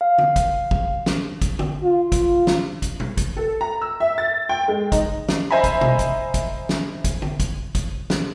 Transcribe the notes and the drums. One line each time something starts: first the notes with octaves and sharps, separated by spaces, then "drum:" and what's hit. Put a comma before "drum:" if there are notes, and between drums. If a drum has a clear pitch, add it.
F5
drum: tom D3
drum: kick, hi-hat
drum: kick
drum: snare
drum: kick, hi-hat
drum: tom D3
F4
drum: kick, hi-hat
drum: snare
drum: kick, hi-hat
drum: tom A#2
drum: kick, hi-hat
A4
A#5
E6
E5
A6
G5
G#3
D#4, drum: kick, hi-hat
drum: snare
C5 D#5 E5 G#5 A#5 B5
drum: kick, hi-hat
drum: tom B2
drum: kick, hi-hat
drum: kick, hi-hat
drum: snare
drum: kick, hi-hat
drum: tom D3
drum: kick, hi-hat
drum: kick, hi-hat
drum: snare